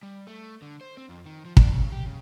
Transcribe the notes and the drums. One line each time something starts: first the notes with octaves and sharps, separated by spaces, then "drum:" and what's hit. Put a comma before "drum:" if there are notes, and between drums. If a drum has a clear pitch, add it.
G3
A3
D3
C5
C4
F2
D#3
F3
D4, drum: kick
C#3
G4
C#3